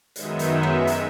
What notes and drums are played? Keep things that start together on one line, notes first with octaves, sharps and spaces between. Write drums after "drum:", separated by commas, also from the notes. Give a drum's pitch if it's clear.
F#2 D#3 G#3 B3 D#4 E5, drum: hi-hat
drum: hi-hat
drum: rim click
drum: hi-hat